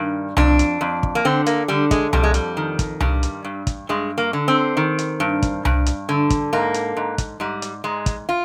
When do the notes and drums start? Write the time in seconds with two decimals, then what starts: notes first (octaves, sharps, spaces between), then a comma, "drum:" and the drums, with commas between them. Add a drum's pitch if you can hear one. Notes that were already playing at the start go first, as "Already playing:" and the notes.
Already playing: G2 D#3
0.37 F2 D4, drum: tom C2
0.59 drum: hi-hat
0.81 F2
1.03 drum: kick
1.15 A#3
1.25 D3 C4
1.46 A#3, drum: hi-hat
1.68 D3 G3
1.91 G#3, drum: kick, hi-hat
2.13 F2 G3, drum: tom C2
2.23 G#3
2.34 G3, drum: hi-hat
2.57 D#3
2.79 drum: kick, hi-hat
3.00 G2 G3, drum: tom C2
3.23 drum: hi-hat
3.44 G2
3.67 drum: kick, hi-hat
3.89 G2 G#3
4.18 A#3
4.33 D3
4.48 C4
4.77 D#3
4.99 drum: hi-hat
5.20 G2
5.42 drum: kick, hi-hat
5.65 G2, drum: tom C2
5.86 drum: hi-hat
6.09 D3
6.30 drum: kick, hi-hat
6.53 G#2 A#3
6.74 drum: hi-hat
6.97 G#2
7.18 drum: kick, hi-hat
7.40 G#2 G3
7.62 drum: hi-hat
7.84 G#2 G#3
8.06 drum: kick, hi-hat
8.29 F4